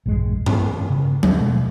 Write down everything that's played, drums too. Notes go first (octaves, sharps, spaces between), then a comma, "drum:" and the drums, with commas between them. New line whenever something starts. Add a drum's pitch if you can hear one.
A#1 E2 G2 G#3
C#4, drum: tom G2
C#3
D#2 G#3 C4, drum: tom F3
B2 G#3 A3